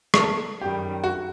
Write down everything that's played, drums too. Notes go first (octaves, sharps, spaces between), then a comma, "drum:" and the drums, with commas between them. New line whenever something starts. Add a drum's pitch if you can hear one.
A#4, drum: rim click
A4
F#2 D#3 G3 G4
F#4